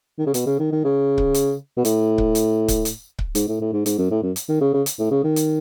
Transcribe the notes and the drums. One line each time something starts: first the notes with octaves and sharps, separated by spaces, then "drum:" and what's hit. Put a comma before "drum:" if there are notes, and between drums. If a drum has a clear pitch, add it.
D#3
C#3
B2, drum: hi-hat
C#3
D#3
D#3
C#3
drum: kick C#1
drum: hi-hat
B2
A2, drum: hi-hat
drum: kick C#1
drum: hi-hat
drum: kick C#1, hi-hat
drum: hi-hat
drum: kick C#1
G#2, drum: hi-hat
A2
A2
G#2
G#2, drum: hi-hat
F#2
A2
F#2
drum: hi-hat
D#3
C#3
C#3
drum: hi-hat
A2
C#3
D#3
drum: hi-hat